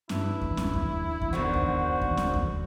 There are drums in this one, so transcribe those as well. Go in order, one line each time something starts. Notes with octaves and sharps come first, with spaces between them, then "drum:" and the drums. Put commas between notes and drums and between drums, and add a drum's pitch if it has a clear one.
G2 E4, drum: snare C#4
drum: kick D#2
drum: snare C#4
drum: kick D#2
drum: kick D#2
D3 D#3 B3 F#4 C5
drum: kick D#2
drum: kick D#2
drum: snare C#4
drum: kick D#2